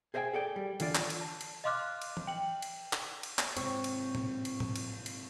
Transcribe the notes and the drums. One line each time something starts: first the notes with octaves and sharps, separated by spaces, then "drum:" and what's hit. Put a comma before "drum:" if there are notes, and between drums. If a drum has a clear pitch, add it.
G#4 C5 D#5 E5 G5 G#5
G#4 A4 D5 G5
G3
D3 E3 F4 D5, drum: cymbal
drum: clap
drum: cymbal
A5
drum: cymbal
D#5 F5 C6 D6 F6 F#6
drum: cymbal
drum: tom E3
G5 F#7
drum: cymbal
drum: clap
drum: cymbal
drum: clap
G#2 C3 C4 C#5, drum: cymbal
drum: cymbal
drum: tom A2
drum: cymbal
drum: tom A2
drum: cymbal
drum: cymbal